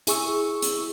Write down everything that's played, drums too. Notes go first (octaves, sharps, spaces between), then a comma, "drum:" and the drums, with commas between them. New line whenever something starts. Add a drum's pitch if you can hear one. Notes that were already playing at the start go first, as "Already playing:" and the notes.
E4 G#4 C#6 E6, drum: hi-hat
drum: hi-hat